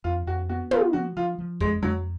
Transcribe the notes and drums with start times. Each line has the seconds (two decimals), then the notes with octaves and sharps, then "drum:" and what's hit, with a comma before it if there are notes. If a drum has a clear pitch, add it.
0.04 F2 F4
0.27 F2 F#4
0.49 B3 F#4
0.71 B3 F4, drum: tom
0.93 F3 F#4
1.17 F3 F4
1.39 F3
1.60 F2 G#3, drum: kick
1.83 F2 F#3